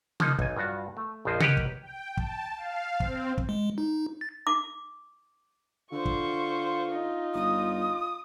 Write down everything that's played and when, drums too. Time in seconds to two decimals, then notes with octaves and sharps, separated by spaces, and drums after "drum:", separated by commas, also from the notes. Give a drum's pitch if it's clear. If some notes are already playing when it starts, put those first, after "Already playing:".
0.20 F3 A#3 D#4, drum: tom C3
0.39 B1 G#5, drum: kick
0.56 G2 F4 F#4
0.97 A3
1.25 A#1 F2 F3 C5 D#5
1.40 G4 A#4 B4 C#5 D#5 F#5, drum: tom C3
1.57 drum: kick
1.82 G5
2.17 A5, drum: kick
2.57 F5
3.00 C4, drum: kick
3.38 drum: kick
3.49 G#3
3.78 D#4
4.21 A6
4.47 D6
5.92 D3 F4 C5 C#6
6.05 drum: kick
6.92 D#4
7.34 G1 D#6